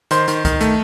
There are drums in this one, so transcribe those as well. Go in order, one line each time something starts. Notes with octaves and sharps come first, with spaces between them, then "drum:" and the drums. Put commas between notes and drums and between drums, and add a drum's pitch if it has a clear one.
D#3 C5 C6, drum: hi-hat
D#3, drum: hi-hat
D#3, drum: kick C2, hi-hat
A3, drum: hi-hat